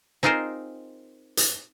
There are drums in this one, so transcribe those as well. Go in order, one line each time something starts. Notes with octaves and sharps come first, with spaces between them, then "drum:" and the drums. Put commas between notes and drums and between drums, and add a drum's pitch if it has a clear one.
C4 D#4 F4 G#4 A#4 C5
drum: hi-hat